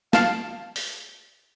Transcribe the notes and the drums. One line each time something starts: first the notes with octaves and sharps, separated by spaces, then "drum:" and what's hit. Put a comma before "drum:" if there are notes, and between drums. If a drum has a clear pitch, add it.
F5 A5, drum: snare
drum: open hi-hat